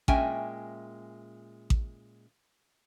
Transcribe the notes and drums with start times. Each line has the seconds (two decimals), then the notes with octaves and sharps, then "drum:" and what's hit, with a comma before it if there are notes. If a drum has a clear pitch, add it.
0.08 A#2 G#3 C#4 E5 G5 G#5, drum: kick A1
1.70 drum: kick A1